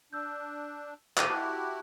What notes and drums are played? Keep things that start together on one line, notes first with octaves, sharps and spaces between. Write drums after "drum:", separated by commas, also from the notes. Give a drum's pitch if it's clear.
D4 E6 G6
G#2 D3 D6 A6 D#7, drum: clap
E4 F#4 G4 A5 F#6